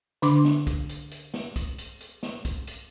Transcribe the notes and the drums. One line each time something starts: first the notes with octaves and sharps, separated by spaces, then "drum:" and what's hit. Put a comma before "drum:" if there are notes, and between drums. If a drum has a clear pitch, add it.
D3 D4 D6, drum: hi-hat
drum: snare
drum: kick, hi-hat
drum: hi-hat
drum: hi-hat
drum: snare
drum: kick, hi-hat
drum: hi-hat
drum: hi-hat
drum: snare
drum: kick, hi-hat
drum: hi-hat